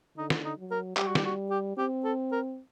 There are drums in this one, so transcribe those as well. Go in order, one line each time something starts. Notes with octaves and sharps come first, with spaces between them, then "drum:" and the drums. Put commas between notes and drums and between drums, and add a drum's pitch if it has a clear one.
D3 D#4
drum: snare
D#4
F#3
A#4
G3 G4, drum: clap
F#4
G4, drum: snare
F#4
G4
C4 G4
A4
A#4